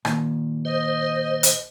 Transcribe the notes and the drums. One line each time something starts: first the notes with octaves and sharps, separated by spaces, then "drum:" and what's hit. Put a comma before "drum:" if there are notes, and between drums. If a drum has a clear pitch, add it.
A#2 D#3, drum: rim click
C5 D#5
drum: hi-hat